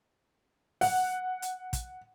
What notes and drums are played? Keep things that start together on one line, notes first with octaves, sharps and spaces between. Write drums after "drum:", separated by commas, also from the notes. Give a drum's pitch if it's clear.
F#5, drum: open hi-hat
drum: hi-hat
drum: kick, hi-hat